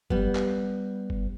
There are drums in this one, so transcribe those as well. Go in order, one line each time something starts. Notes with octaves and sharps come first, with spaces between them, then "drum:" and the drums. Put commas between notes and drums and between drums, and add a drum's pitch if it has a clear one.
G3 B3, drum: kick F#1
drum: clap
drum: kick F#1